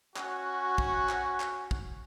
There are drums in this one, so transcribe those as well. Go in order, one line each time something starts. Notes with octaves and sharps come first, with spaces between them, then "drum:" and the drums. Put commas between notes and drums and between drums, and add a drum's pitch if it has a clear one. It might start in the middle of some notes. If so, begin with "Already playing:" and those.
C#4 F#4, drum: clap
drum: kick
drum: clap
drum: clap
drum: kick